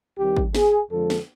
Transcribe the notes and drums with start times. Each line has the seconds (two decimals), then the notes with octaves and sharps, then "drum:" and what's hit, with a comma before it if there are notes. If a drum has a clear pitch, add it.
0.18 C2 C3 D#3 G3 G4
0.37 drum: kick
0.55 G#4, drum: snare
0.92 F2 D3 F3 G#3 A4
1.10 drum: snare